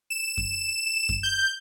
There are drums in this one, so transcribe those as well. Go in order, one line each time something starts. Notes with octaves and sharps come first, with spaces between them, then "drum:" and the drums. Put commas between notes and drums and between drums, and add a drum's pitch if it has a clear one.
E7
drum: kick F#2
drum: kick F#2
G6